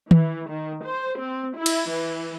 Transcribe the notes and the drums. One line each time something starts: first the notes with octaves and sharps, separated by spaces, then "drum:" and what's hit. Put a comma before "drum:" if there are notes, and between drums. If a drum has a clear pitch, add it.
E3, drum: tom D#3
D#3
C5
C4
E4
drum: cymbal
E3